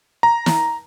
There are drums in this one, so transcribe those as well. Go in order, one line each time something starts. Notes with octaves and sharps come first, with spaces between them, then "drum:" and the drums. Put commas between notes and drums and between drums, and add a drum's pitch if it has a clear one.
A#5
drum: snare